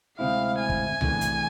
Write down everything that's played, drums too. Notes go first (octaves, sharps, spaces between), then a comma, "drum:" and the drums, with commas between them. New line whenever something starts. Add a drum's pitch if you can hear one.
D2 C3 G#3 C4 E4 F5
G#5
drum: kick
C3 E3 A3 D4 G#4, drum: tom C2
drum: hi-hat